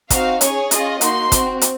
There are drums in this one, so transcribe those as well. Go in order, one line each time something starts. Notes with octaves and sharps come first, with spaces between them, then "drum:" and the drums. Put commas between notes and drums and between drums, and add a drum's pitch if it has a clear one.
C4 D#4 F#4 F5, drum: kick, hi-hat
C#4 G#4 C#5, drum: hi-hat
C#4 F4 G#4 D#5, drum: hi-hat
A#3 D#4 F#4 C6, drum: hi-hat
C4 F#4, drum: kick, hi-hat
drum: hi-hat